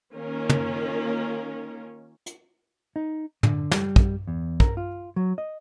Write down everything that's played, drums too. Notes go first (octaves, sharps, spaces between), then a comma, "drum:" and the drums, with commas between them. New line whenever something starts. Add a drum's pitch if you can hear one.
D#3 A#3 C#4 F4 A#4
drum: tom
drum: hi-hat
D#4
D3, drum: tom
G3, drum: snare
drum: kick
E2
A#4, drum: kick
F4
F#3
D#5